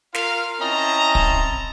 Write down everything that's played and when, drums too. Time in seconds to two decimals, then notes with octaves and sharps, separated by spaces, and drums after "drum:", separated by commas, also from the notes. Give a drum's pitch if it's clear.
0.14 F4 A#4 F5, drum: snare
0.60 C4 C#4 E4 D#5 A5 A#5
1.15 drum: kick